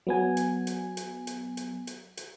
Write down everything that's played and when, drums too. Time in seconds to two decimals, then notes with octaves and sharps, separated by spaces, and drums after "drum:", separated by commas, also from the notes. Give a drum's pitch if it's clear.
0.07 F#3 B3 G#5
0.37 drum: hi-hat
0.67 drum: hi-hat
0.97 drum: hi-hat
1.27 drum: hi-hat
1.57 drum: hi-hat
1.87 drum: hi-hat
2.17 drum: hi-hat